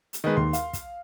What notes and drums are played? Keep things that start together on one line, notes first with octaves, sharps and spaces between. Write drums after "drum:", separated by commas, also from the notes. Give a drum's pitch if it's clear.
drum: hi-hat
D#3 G#3 G#4 B4 D#5
D#2 C6
F5, drum: hi-hat
drum: kick, hi-hat